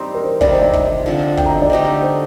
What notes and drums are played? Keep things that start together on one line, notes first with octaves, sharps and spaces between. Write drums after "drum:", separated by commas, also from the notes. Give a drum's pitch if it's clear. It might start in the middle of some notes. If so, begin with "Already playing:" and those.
Already playing: G3 C4 D#4 G4 C6
A#4
C5
C3 D#3 G3 C4 D5, drum: kick
C5
D5
D#5, drum: kick
D3 F3 C4
G5, drum: kick
A#5
D#5
D5
D3 A3 D#4 G4 C5
C5